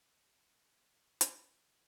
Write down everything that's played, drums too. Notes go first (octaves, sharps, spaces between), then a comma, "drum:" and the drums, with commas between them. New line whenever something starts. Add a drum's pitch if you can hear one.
B3 G4 A#4 C#5 D5 G#5
drum: hi-hat